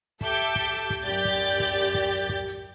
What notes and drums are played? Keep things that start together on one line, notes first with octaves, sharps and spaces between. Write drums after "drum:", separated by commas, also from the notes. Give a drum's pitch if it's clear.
G4 A4 E5 D6 G6, drum: kick
drum: hi-hat
drum: kick, hi-hat
drum: hi-hat
drum: kick, hi-hat
F#2 G4 D5 G6 A6
drum: kick, hi-hat
drum: hi-hat
drum: kick, hi-hat
drum: hi-hat
drum: kick, hi-hat
drum: hi-hat
drum: kick
drum: hi-hat